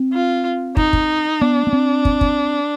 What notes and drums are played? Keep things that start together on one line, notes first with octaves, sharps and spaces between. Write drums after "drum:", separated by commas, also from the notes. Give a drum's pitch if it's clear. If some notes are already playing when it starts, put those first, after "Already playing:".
Already playing: C4
F4
D#4, drum: kick
drum: kick
B3 D4
B3
C4
drum: kick
drum: kick